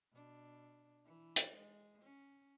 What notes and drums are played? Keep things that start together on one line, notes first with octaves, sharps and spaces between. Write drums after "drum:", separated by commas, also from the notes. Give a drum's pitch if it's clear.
B2 D4
E3
drum: hi-hat
G#3
C#4